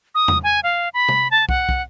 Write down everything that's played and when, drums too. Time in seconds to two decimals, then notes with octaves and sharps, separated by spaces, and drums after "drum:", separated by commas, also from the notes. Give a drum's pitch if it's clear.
0.15 D#6
0.28 drum: tom E2
0.44 G#5
0.63 F5
0.94 B5
1.09 drum: tom
1.31 A5
1.49 F#5, drum: kick
1.69 drum: kick